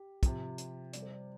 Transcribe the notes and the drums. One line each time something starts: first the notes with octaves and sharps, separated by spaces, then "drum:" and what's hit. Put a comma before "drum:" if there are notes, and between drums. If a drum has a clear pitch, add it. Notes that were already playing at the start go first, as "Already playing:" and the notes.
Already playing: G4
C3 F3, drum: kick, hi-hat
drum: hi-hat
C3 G3 D5, drum: hi-hat
C5
D5